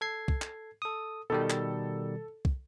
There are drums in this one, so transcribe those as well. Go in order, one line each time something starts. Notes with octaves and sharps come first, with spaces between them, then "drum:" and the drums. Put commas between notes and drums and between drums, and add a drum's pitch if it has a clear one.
A4 G#6 C7
drum: kick
drum: clap
A4 D#6
B2 D#3 G3 A4
drum: clap
drum: kick